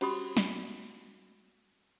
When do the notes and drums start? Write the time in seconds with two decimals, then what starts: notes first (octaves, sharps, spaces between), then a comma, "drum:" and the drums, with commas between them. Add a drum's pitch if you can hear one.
0.01 C#4 F#4 G4 B5 D#6, drum: cymbal
0.37 drum: snare